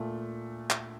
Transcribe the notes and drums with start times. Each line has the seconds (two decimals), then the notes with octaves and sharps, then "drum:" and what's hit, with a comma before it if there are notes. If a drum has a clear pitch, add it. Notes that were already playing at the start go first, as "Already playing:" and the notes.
Already playing: A#2 A3
0.70 drum: clap